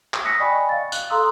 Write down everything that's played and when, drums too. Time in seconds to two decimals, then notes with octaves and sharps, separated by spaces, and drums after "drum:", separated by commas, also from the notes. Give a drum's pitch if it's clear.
0.14 drum: clap
0.24 D#6 E6 F#6 A#6 B6 C#7
0.40 D5 D#5 G5 G#5 B5 C#6
0.69 F5 A6
0.92 F#6, drum: tambourine
1.10 A4 F5 A#5 C6 D#6 E6